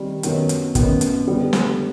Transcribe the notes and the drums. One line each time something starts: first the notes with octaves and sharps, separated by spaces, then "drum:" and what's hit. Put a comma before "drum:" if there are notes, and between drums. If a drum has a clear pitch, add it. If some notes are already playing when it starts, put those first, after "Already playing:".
Already playing: D#3 G3 C4
F#2 D#3 F#3 B3, drum: hi-hat
drum: hi-hat
F#2 D#3 F#3 B3, drum: kick, hi-hat
drum: hi-hat
D3 G3 B3
drum: snare